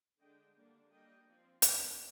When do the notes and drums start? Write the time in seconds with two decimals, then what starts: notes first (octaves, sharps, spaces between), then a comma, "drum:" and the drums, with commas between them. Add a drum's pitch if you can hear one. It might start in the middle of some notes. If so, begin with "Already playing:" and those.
0.19 D3 G#3 D4 D#5 G5
0.55 D3 G3 A#3 D4
0.91 G3 A#3 D4 D#5 G5
1.26 F3 C4
1.62 G3 A#3 D4 D5 F5, drum: hi-hat